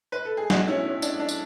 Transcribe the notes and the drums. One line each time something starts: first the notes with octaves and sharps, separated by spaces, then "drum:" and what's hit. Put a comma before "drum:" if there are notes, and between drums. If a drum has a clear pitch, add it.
B4
A4
G#4
B1 A2 G#3 B3 D4 F#4, drum: snare
C#4 E4
C#4
D4, drum: tambourine
D4
drum: tambourine